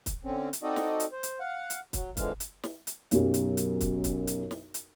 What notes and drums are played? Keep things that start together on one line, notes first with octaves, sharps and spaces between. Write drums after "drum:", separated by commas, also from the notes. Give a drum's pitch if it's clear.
drum: kick, hi-hat
D3 C4 C#4
drum: hi-hat
C4 D#4 F#4 A4 D5 D#5
drum: snare
drum: hi-hat
C5
drum: hi-hat
F5 F#5
drum: hi-hat
F#3, drum: kick, hi-hat
F2 D3 E3 F3 G#3 F5, drum: kick, hi-hat
drum: hi-hat
drum: snare
drum: hi-hat
B1 F#2 G4, drum: hi-hat
drum: hi-hat
drum: hi-hat
drum: kick, hi-hat
drum: kick, hi-hat
drum: hi-hat
drum: snare
drum: hi-hat